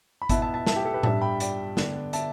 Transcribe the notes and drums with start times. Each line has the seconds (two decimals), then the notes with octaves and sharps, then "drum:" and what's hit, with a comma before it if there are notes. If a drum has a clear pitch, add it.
0.22 B5
0.29 B2 B3 E4 E5 A5, drum: kick G#1, hi-hat
0.42 E5 A5
0.54 E5 A5
0.67 E5 A5, drum: snare
0.76 G4
0.85 A4
0.94 G4 B4
1.03 G2 G3 D4 E5 A5, drum: tom A2
1.21 G5 B5
1.40 D5 G5, drum: hi-hat
1.77 D3 B3 D4, drum: snare
2.13 E5 A5, drum: hi-hat